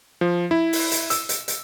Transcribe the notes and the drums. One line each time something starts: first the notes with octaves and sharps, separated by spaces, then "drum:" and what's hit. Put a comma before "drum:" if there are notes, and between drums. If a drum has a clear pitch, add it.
F3
E4
drum: open hi-hat
drum: hi-hat
E6, drum: hi-hat
drum: hi-hat
drum: hi-hat